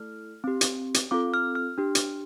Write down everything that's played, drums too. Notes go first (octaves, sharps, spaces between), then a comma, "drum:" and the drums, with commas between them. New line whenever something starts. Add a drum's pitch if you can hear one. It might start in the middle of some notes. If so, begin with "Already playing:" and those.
Already playing: A3 E4 A4 F6
C4 G4
drum: hi-hat
drum: hi-hat
C4 F4 A4 D6
F6
F6
D4 G4
drum: hi-hat